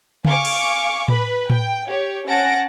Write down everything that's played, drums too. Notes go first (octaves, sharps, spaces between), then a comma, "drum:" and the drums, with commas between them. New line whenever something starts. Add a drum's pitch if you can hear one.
F5 G#5 C#6 D6, drum: tom C#3
drum: cymbal
B4 B5, drum: tom A2
G5, drum: tom A2
G4 C#5
C#4 F#5 A5 A#6 D7